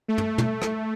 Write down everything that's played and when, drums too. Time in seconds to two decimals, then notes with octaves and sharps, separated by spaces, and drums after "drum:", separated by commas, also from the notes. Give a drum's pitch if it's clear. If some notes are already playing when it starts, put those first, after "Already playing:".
0.08 A3
0.18 drum: tom
0.38 drum: tom
0.62 drum: rim click